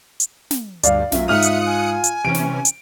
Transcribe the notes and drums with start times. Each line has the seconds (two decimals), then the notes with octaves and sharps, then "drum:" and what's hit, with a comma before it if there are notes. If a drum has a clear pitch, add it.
0.20 drum: hi-hat
0.51 drum: snare
0.84 D2 G2 D5 F5, drum: hi-hat
1.12 B1 F#2 F#3 F4 E5, drum: snare
1.28 G#2 E5 D#6 F6 F#6 C#7 F7
1.43 drum: hi-hat
1.66 G#5
2.04 drum: hi-hat
2.25 C3 E3 C#4 D7
2.34 drum: snare
2.65 drum: hi-hat